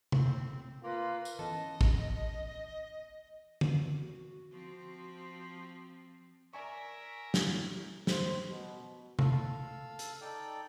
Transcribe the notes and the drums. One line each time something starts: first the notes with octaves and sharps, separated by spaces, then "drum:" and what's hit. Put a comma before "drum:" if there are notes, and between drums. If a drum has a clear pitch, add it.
C4, drum: tom C3
A#3 F4 B4
drum: tambourine
E3 B3 C#4 A4 D#5
drum: kick
drum: tom
F#4
F3 C4
A#4 D5 E5 G#5 C#6
E4, drum: snare
C5, drum: snare
B2
A4 F5 E6, drum: tom C3
drum: hi-hat
D#4 A4 D5 G5